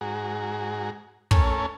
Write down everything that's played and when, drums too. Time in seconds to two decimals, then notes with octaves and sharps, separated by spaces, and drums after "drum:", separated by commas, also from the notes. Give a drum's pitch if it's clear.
0.01 G#2 F#4 G#4 A#5
1.31 A3 C#4 A#4 C#5 G#5 A5, drum: kick